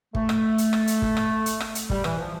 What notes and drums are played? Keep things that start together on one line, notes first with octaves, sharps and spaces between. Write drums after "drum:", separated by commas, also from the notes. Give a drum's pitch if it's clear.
A3, drum: kick
drum: rim click
drum: hi-hat
drum: rim click
drum: hi-hat
drum: kick
drum: rim click
drum: hi-hat
drum: rim click
drum: hi-hat
G3, drum: kick
E3, drum: rim click
F3